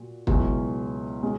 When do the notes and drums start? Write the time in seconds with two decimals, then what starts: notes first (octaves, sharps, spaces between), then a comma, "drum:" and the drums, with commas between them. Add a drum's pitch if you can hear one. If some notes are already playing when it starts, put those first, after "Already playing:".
Already playing: A#2 F#4
0.27 C#2 B2 F#3 C#4 E4, drum: kick
1.23 G#3 C#4